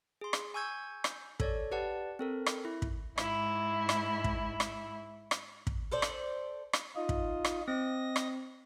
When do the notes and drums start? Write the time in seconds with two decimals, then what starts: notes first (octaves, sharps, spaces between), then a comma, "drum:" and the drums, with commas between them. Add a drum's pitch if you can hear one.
0.21 G#4 C6
0.33 drum: rim click
0.54 G#5 C#6 E6 G6 G#6
1.04 drum: rim click
1.40 A4 C#5 D5, drum: kick
1.71 G4 B4 D5 F#5 A5
2.19 C4 A4 A#4
2.46 drum: rim click
2.65 E4
2.82 drum: kick
3.18 G#2 E4, drum: rim click
3.89 drum: rim click
4.24 drum: kick
4.60 drum: rim click
5.31 drum: rim click
5.67 drum: kick
5.92 A4 C5 D5
6.02 drum: rim click
6.73 drum: rim click
6.96 D#4 F4 D#5
7.09 drum: kick
7.45 drum: rim click
7.68 C4 D#5 A#6
8.16 drum: rim click